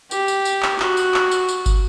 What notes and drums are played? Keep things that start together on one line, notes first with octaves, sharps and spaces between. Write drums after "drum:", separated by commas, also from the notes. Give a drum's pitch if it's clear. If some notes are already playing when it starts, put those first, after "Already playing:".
G4, drum: tambourine
drum: tambourine
drum: tambourine
drum: clap
F#4, drum: clap
drum: tambourine
drum: clap
drum: tambourine
drum: tambourine
drum: kick, tambourine